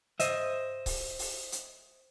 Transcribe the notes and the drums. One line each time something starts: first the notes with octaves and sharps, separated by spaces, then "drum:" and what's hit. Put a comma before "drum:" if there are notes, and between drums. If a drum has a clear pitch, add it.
C5 D#5 E5, drum: hi-hat
drum: kick C#1, open hi-hat
drum: open hi-hat
drum: hi-hat